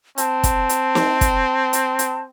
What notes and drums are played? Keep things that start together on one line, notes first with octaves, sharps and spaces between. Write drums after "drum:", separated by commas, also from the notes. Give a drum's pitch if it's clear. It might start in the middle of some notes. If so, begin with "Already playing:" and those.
C4 A5, drum: hi-hat
drum: kick, hi-hat
drum: hi-hat
drum: snare
drum: kick, hi-hat
drum: hi-hat
drum: hi-hat